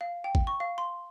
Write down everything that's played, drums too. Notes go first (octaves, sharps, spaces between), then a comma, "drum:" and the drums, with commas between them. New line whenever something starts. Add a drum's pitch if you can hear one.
F5
G5
drum: kick
C#6
F5
C6